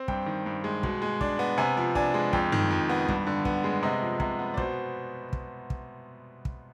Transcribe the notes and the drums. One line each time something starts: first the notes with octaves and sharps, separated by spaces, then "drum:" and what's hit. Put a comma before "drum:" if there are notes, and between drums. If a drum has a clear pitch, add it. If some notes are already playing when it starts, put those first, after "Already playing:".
Already playing: C4
G2 G5, drum: kick
D#3
G2
G#3
B2, drum: kick
G#3
D4, drum: kick
B3
C3 G#5
F3
D4 G#5, drum: kick
G#3
F2 G5, drum: kick
D#3, drum: tom
F2
B3
G2, drum: kick
D3
B3, drum: kick
G#3
C3 D#5
F3
C3, drum: kick
B3
D5
B2 C5, drum: kick
drum: kick
drum: kick
drum: kick